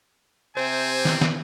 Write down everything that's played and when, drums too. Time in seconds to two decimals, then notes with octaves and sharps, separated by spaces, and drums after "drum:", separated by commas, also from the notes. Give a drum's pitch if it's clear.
0.57 C3 C4 C5 G#5
1.05 drum: snare
1.21 drum: snare